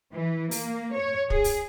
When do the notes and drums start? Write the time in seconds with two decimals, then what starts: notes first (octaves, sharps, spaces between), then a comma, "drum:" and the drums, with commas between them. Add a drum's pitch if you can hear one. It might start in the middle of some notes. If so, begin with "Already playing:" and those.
0.13 E3
0.51 A#3, drum: open hi-hat
0.93 C#5
1.30 G#4, drum: kick
1.44 drum: open hi-hat